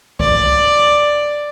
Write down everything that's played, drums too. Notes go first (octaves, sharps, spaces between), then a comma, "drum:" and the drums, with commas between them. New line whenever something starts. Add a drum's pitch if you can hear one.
D5, drum: kick C2